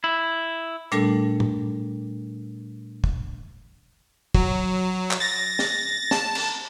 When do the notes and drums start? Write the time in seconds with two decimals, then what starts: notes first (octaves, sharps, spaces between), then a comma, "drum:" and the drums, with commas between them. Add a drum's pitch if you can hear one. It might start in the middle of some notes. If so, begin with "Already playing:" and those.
0.04 E4
0.92 A#2 G3 A3 D4 A4, drum: hi-hat
1.40 drum: tom
3.04 drum: kick
4.35 F#3, drum: kick
5.11 drum: clap
5.20 A6 A#6
5.59 drum: snare
6.11 A5, drum: snare
6.35 drum: cymbal